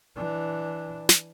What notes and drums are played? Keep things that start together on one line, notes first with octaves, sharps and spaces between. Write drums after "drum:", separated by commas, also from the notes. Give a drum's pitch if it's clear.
E3 D4
drum: snare